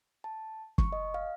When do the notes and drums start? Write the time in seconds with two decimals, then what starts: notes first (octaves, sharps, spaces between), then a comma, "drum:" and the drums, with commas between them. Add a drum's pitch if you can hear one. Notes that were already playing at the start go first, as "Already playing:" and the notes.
0.24 A5
0.78 C#6, drum: kick
0.92 D#5
1.14 F5